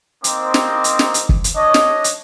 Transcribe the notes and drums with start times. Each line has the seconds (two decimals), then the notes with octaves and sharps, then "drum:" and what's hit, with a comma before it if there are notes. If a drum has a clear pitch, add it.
0.24 A#3 C4 D#4 C5 D#5 D6, drum: hi-hat
0.54 drum: snare
0.84 drum: hi-hat
0.99 drum: snare
1.14 drum: hi-hat
1.29 drum: kick
1.44 drum: hi-hat
1.55 D4 C#5 D#5
1.74 drum: snare
2.04 drum: hi-hat